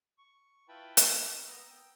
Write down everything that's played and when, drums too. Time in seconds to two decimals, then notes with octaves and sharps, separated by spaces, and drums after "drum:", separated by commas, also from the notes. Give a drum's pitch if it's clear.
0.18 C#6
0.69 E4 F4 B4 G5 A5 B5
0.97 drum: hi-hat
1.17 B4
1.47 B3 A#5 D#6 E6
1.70 G5